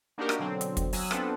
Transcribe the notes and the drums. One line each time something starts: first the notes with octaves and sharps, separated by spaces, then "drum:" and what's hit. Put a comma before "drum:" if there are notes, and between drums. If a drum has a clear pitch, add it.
A#3 D4 D#4 F#4 G4 A#4
drum: rim click
B2 D3 F#3 C4
drum: hi-hat
drum: kick, hi-hat
F#3 G#5 D#6 E6 F#6, drum: open hi-hat
B3 C4 D4 F4 A4 B4, drum: rim click